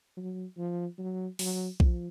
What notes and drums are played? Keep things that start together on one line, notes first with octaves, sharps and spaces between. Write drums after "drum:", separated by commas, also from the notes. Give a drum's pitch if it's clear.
F#3
F3
F#3
F#3, drum: open hi-hat
F3, drum: kick B1